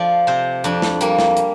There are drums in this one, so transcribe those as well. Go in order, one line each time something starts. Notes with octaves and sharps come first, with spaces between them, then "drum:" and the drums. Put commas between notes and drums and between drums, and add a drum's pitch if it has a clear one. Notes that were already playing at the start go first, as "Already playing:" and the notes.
Already playing: F3 A3 D5
C3 C5
F2 D4, drum: hi-hat
drum: snare
G3 A#3, drum: hi-hat
drum: snare
drum: hi-hat